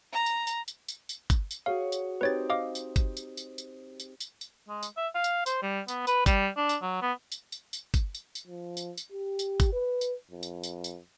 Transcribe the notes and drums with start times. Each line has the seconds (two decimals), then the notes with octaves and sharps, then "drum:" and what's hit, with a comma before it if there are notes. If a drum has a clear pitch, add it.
0.12 A#5
0.26 drum: tambourine
0.47 drum: tambourine
0.68 drum: tambourine
0.88 drum: tambourine
1.09 drum: tambourine
1.30 drum: kick, tambourine
1.51 drum: tambourine
1.66 F#4 G#4 C#5 F5
1.92 drum: tambourine
2.21 C4 D#4 G4 B4 C#5 A6
2.50 D#5 F5 D6
2.75 drum: tambourine
2.96 drum: kick, tambourine
3.17 drum: tambourine
3.37 drum: tambourine
3.58 drum: tambourine
4.00 drum: tambourine
4.20 drum: tambourine
4.41 drum: tambourine
4.68 G#3
4.83 drum: tambourine
4.97 E5
5.15 F5
5.24 drum: tambourine
5.46 C5, drum: tambourine
5.63 G3
5.88 B3, drum: tambourine
6.07 B4, drum: tambourine
6.26 G3, drum: kick, tambourine
6.57 D4
6.69 drum: tambourine
6.82 F#3
7.02 B3
7.32 drum: tambourine
7.52 drum: tambourine
7.73 drum: tambourine
7.94 drum: kick, tambourine
8.15 drum: tambourine
8.35 drum: tambourine
8.48 F3
8.77 drum: tambourine
8.98 drum: tambourine
9.12 G4
9.39 drum: tambourine
9.60 drum: kick, tambourine
9.73 B4
10.01 drum: tambourine
10.31 F2
10.43 drum: tambourine
10.63 drum: tambourine
10.84 drum: tambourine